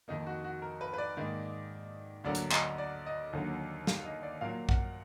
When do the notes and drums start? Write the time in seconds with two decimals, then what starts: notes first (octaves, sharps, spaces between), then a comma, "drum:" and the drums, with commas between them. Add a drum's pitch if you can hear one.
0.08 F2 D#3 A#3 D#4
0.27 F#4
0.44 F#4
0.62 A#4
0.81 B4
0.93 B4
0.98 D5
1.17 G#2 D#3 A#3
2.24 D2 D3 F#3 A#3 D5
2.35 drum: hi-hat
2.52 D#5, drum: clap
2.78 D5
3.06 D#5
3.33 D#2 D3 F#3 A#3
3.87 F5, drum: snare
4.05 D#5
4.23 D5
4.41 A#2 F#3 A#3 F5
4.69 F#5, drum: kick